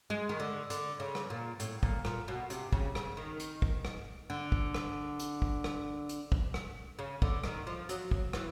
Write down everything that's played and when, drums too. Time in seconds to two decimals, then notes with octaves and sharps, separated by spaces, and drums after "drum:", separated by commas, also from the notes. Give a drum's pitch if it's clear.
0.10 G#3
0.29 D#3
0.40 D3
0.70 D3, drum: hi-hat
1.00 C#3
1.15 drum: rim click
1.30 A#2
1.60 A2, drum: hi-hat
1.83 A#2, drum: kick
2.05 A#2, drum: rim click
2.28 B2
2.50 C3, drum: hi-hat
2.73 C#3, drum: kick
2.95 C#3, drum: rim click
3.17 D#3
3.40 drum: hi-hat
3.62 drum: kick
3.85 drum: rim click
4.30 D3
4.52 drum: kick
4.74 drum: rim click
5.19 drum: hi-hat
5.42 drum: kick
5.64 drum: rim click
6.09 drum: hi-hat
6.32 drum: kick
6.54 drum: rim click
6.99 C#3
7.22 D3, drum: kick
7.44 D#3, drum: rim click
7.67 F3
7.89 F#3, drum: hi-hat
8.11 drum: kick
8.33 E3, drum: rim click